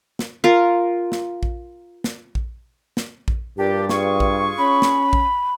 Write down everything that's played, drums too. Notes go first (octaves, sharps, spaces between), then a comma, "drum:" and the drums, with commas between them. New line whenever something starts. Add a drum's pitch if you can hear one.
drum: snare
F4 A#4
drum: snare
drum: kick A#1
drum: snare
drum: kick A#1
drum: snare
drum: kick A#1
G2 A#2 D4 G4
F4 G#4 C#6, drum: snare
drum: kick A#1
C#4 B5
drum: snare
drum: kick A#1